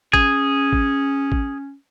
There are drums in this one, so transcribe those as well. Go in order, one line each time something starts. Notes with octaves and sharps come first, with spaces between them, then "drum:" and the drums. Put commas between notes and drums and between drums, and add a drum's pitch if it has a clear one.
C#4 G#4, drum: kick A1
drum: kick A1
drum: kick A1